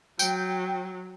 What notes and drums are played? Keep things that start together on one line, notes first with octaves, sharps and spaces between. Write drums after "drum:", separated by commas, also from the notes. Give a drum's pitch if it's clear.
F#3 G5, drum: tambourine